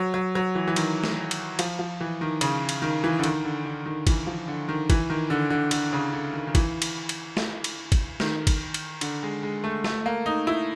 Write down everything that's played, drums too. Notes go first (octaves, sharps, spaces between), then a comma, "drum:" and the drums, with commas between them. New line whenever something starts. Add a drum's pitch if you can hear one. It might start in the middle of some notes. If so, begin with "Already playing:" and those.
Already playing: F#3
F#3
F#3
E3
E3
D#3, drum: cymbal
drum: snare
drum: cymbal
F3, drum: cymbal
F3
E3
D#3
C#3, drum: cymbal
drum: cymbal
D#3
E3
D3
D#3, drum: cymbal
D3
D3
D#3
E3, drum: kick, cymbal
F3
D3
D#3
E3, drum: kick, cymbal
D#3
D3
D3
D3, drum: cymbal
C#3
D3
D#3
D#3
E3, drum: kick, cymbal
drum: cymbal
drum: cymbal
drum: snare
drum: cymbal
drum: kick, cymbal
D#3, drum: snare
drum: kick, cymbal
drum: cymbal
D3, drum: cymbal
G#3
G#3
A3
A3, drum: snare
A#3
D#4
E4